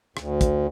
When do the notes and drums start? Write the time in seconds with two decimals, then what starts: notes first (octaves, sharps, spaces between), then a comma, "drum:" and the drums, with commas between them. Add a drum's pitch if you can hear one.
0.17 D2, drum: rim click
0.41 drum: kick, hi-hat